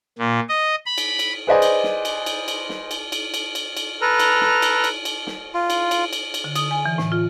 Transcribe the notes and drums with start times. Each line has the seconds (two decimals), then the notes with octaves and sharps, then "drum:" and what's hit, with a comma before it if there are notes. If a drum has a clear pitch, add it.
0.19 A#2
0.49 D#5
0.86 B5
0.98 drum: cymbal
1.19 drum: cymbal
1.47 G#4 B4 C5 D5 D#5 G#5
1.62 drum: cymbal
1.83 drum: snare
2.05 drum: cymbal
2.26 drum: cymbal
2.48 drum: cymbal
2.69 drum: snare
2.91 drum: cymbal
3.12 drum: cymbal
3.34 drum: cymbal
3.55 drum: cymbal
3.77 drum: cymbal
4.02 A4 B4 A#5 F6
4.19 drum: cymbal
4.41 drum: snare
4.62 drum: cymbal
4.84 drum: cymbal
5.05 drum: cymbal
5.27 drum: snare
5.54 F4
5.70 drum: cymbal
5.91 drum: cymbal
6.13 drum: cymbal
6.34 drum: cymbal
6.44 D3
6.55 D#6, drum: cymbal
6.71 G#5
6.86 E3
6.98 A2, drum: snare
7.12 F4